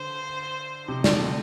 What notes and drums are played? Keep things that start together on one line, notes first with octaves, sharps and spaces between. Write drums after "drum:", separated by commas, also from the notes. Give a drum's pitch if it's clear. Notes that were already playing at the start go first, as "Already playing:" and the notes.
Already playing: D3 C5
C3 D#4
D3, drum: snare
C3